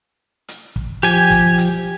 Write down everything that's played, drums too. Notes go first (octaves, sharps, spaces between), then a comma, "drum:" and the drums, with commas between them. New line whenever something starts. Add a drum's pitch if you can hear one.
drum: hi-hat
drum: kick
F3 G4 G#5, drum: hi-hat
drum: kick, hi-hat
drum: hi-hat